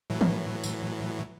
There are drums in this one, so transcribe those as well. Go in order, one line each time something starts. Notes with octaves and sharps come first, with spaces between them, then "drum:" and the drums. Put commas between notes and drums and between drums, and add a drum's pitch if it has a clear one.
A2 E3 F#3
drum: tom D#3
drum: tambourine